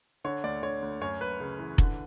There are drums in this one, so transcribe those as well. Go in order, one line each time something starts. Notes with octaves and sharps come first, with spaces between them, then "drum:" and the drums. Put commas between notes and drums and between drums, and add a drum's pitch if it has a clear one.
D3 C#5
D2 D5
D3 C#5
D2
F#2 C#5
F#2 B4
C#3
E3
D3, drum: kick F1